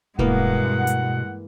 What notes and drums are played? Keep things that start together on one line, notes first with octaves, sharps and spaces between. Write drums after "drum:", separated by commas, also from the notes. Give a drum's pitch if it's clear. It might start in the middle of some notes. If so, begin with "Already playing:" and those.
G2 B2 E3 G#3 A#3 B3 F#5, drum: kick D1
drum: hi-hat